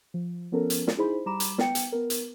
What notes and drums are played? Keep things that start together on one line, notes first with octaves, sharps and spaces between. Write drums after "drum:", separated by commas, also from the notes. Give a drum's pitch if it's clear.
F3
F3 B3 C#4 A4 A#4
drum: hi-hat
drum: snare
D#4 E4 G#4 C5 B5
G3 A#5 B5 D6 E7
drum: hi-hat
B3 G5 C#7, drum: snare
drum: hi-hat
B3 A#4
drum: hi-hat